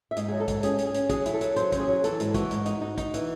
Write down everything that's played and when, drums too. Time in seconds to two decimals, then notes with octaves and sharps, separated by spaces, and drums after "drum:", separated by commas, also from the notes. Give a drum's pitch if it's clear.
0.11 E5
0.17 G#2 D#5, drum: hi-hat
0.28 F#3 G#4
0.40 A4
0.48 G#2, drum: kick, hi-hat
0.63 C#4 G#4, drum: hi-hat
0.78 C#4, drum: hi-hat
0.86 G#4
0.94 C#4, drum: hi-hat
1.09 F#3 G#4, drum: kick, hi-hat
1.26 E4, drum: hi-hat
1.33 A4
1.41 F#3, drum: hi-hat
1.56 F#3 C5, drum: hi-hat
1.72 C#4, drum: kick, hi-hat
1.80 G#4
1.88 F#3
2.04 E3 A4, drum: hi-hat
2.20 G#2, drum: hi-hat
2.34 E3 F#4, drum: kick, hi-hat
2.51 G#2, drum: hi-hat
2.66 D#4, drum: hi-hat
2.81 D#4
2.98 D#4, drum: kick, hi-hat
3.14 E3, drum: hi-hat